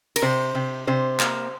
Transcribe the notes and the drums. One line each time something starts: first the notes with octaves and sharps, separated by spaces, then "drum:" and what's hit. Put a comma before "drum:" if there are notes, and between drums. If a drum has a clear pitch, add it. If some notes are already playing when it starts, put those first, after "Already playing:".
A#4, drum: cymbal
C3 C5
C3
C3 C5
A#3, drum: clap